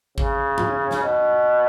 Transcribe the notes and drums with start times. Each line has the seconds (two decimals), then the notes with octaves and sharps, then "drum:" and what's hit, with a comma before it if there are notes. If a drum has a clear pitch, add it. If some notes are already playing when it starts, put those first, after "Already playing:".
0.18 C#3, drum: kick G#1
0.58 drum: tom G2
0.91 drum: snare
1.03 B2